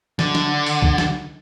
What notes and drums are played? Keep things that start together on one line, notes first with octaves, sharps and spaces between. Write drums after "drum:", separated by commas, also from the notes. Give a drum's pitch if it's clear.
D3, drum: snare
drum: snare
drum: open hi-hat
drum: kick C2
drum: snare